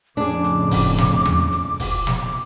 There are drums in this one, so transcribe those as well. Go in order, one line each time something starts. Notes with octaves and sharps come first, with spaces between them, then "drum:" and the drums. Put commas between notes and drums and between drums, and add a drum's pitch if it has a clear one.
F2 A2 C#3 D4 G#4 D6
drum: hi-hat
drum: kick, open hi-hat
drum: snare
drum: tom E2
drum: hi-hat
drum: kick, open hi-hat
drum: snare